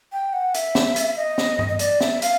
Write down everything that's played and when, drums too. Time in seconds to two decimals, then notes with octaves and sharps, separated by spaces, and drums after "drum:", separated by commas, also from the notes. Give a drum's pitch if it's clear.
0.12 G5
0.33 F#5
0.55 E5, drum: hi-hat
0.75 drum: snare
0.96 drum: hi-hat
1.17 D#5
1.38 drum: snare
1.59 drum: tom G2
1.69 D#5
1.79 D5, drum: hi-hat
2.01 E5, drum: snare
2.22 F5, drum: hi-hat